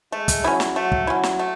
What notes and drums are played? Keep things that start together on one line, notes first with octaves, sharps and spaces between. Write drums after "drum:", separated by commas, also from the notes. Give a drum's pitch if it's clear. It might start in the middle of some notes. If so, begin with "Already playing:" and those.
G#3 A3
drum: kick, hi-hat
F#3 C#4 E4
drum: snare
F#3 A3
drum: kick
F#3 C#4 E4
drum: snare
A3